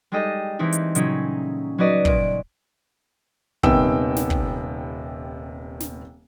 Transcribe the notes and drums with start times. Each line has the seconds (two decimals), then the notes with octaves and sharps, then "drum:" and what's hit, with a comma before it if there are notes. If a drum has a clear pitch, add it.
0.12 G3 G#3 D#4 G4 A4 D#5
0.59 E3 C4 D#4 E4
0.72 drum: hi-hat
0.95 A#2 C#3 F#3 C#4 D#4 E4, drum: hi-hat
1.78 F#3 D#4 F#4 B4 D5 D#5
2.05 A#2 D7, drum: kick
3.63 D#1 C3 D#3 B3 G5 E6, drum: kick
4.16 drum: snare
4.30 drum: kick
5.80 drum: snare